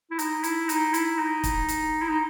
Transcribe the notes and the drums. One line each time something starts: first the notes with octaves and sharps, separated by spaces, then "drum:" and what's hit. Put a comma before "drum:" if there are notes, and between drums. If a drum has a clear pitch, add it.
E4
D#4, drum: hi-hat
E4, drum: hi-hat
D#4, drum: hi-hat
E4, drum: hi-hat
D#4
drum: kick, hi-hat
drum: hi-hat
E4
D#4